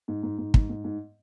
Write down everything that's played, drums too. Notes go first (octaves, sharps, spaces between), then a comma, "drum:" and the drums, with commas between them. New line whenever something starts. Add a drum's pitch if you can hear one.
G#2
G#2
G#2
G#2, drum: kick
G#2
G#2